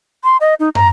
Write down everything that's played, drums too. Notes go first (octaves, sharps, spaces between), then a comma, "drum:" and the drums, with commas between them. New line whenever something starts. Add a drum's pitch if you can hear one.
C6
D#5
D#4
A#5, drum: tom